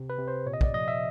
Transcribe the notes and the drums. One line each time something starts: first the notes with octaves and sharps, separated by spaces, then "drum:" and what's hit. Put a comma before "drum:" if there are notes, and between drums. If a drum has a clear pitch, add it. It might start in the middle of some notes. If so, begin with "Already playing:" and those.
Already playing: C3
B4
C3
C5
A#2 C#5
D#5
D5, drum: kick
F3 D#5
E5